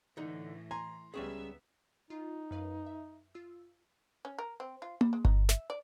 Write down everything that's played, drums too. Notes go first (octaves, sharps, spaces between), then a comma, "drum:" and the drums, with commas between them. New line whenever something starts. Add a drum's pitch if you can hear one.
A2 D3 E3 D#4
G#5 A#5 C6
C#2 G3 B3 C#4 G#4 E5
D#4 F4
F#2 B4 F5
E5
F4 E6
C#4
A#4
C4
F4
G3, drum: tom A#3
G#3
D#4, drum: kick G1
E5, drum: snare
D5